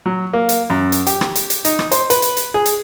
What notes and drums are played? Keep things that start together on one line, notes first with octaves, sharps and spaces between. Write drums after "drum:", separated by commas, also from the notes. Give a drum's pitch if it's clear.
F#3
A#3
drum: hi-hat
F#2
drum: hi-hat
G4, drum: hi-hat
drum: rim click
drum: hi-hat
drum: hi-hat
D#4, drum: hi-hat
drum: rim click
C5, drum: hi-hat
B4, drum: hi-hat
drum: hi-hat
drum: hi-hat
G#4
drum: hi-hat